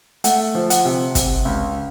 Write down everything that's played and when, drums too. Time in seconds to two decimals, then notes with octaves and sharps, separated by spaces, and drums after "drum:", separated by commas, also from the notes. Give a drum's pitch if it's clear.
0.24 A3 F#5, drum: hi-hat
0.55 F3
0.70 F#5, drum: hi-hat
0.85 C3
1.15 C3, drum: kick, hi-hat
1.45 C#2